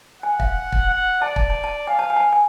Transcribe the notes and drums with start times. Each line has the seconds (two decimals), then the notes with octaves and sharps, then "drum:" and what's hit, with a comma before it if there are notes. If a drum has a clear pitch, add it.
0.22 F#5 G#5
0.40 F5, drum: kick
0.72 drum: kick
0.89 F#5
1.22 D5 A5
1.36 A5, drum: kick
1.50 A5
1.64 A5
1.87 F5 G#5
1.99 A5
2.10 G#5
2.16 A5
2.20 G#5
2.33 G#5